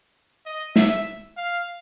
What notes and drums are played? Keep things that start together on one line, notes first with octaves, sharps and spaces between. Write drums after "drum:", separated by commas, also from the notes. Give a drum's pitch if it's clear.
D#5
E5, drum: snare
F5